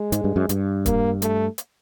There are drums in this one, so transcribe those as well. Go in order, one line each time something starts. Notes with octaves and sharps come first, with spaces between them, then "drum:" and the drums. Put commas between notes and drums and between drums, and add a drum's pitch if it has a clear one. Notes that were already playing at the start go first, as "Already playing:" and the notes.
Already playing: G#3
G#2, drum: hi-hat
G2
F#2
G2, drum: hi-hat
A#3, drum: kick, hi-hat
A3, drum: hi-hat
drum: hi-hat